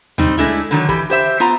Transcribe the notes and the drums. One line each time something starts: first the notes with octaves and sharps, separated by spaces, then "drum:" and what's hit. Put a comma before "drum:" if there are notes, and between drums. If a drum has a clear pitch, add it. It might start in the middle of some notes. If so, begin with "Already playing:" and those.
G3 C4 D#4, drum: tom D2
G#3 A3 D4 E4
D3 D#3 F#3
E3 G4, drum: kick
G4 C5 E5
B3 F4 A#5